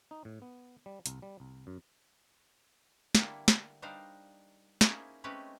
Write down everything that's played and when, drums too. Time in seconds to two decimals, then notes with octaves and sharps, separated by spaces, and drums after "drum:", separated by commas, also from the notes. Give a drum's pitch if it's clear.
0.11 D#4
0.25 A2
0.42 B3
0.86 G3
1.06 C2, drum: hi-hat
1.22 G3
1.40 C2
1.67 F#2
3.15 D3 G3 A#3 E4 A4, drum: snare
3.48 drum: snare
3.82 G3 D4 D#4 C5 D5 F5
4.81 A#3 C#4 D#4 E4 G#4 C5, drum: snare
5.24 G#3 A3 C4 C#4 G4 B4